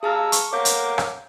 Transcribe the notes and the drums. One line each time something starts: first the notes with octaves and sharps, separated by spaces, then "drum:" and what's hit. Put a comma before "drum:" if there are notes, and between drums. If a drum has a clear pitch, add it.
G#4 F5 A5 A#5 E6 F6
C#6, drum: hi-hat
A#4 C#5 F5 F#5 D6 G6
drum: hi-hat
drum: rim click